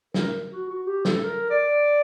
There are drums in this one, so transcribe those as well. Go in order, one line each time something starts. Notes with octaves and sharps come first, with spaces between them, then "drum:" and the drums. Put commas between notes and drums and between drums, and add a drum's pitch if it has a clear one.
A#4, drum: snare
F#4
F#4
G4
A4, drum: snare
A#4
D5